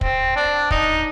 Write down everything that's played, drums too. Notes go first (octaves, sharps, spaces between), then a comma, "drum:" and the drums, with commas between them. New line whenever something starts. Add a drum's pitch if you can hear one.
C4, drum: kick
D4
D#4, drum: kick